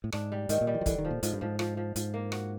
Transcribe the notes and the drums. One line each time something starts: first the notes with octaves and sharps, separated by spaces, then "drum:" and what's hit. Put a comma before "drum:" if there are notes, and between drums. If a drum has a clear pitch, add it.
A2
G#2 D4, drum: rim click
G3
G#2 D#3, drum: hi-hat
A#2
G3
E3
F3
D3 E3, drum: kick, hi-hat
D#3
F3
A#2
G#2 F3, drum: hi-hat
G2
G#2 F3
F3, drum: rim click
F3
G#2 F3, drum: hi-hat
A#3
F#4, drum: rim click